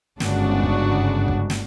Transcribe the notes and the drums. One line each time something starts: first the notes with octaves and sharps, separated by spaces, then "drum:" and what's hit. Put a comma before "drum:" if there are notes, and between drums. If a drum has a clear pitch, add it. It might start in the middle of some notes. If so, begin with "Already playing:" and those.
G1 G#2 C#3 D4 F#4, drum: snare
drum: kick
drum: kick
drum: snare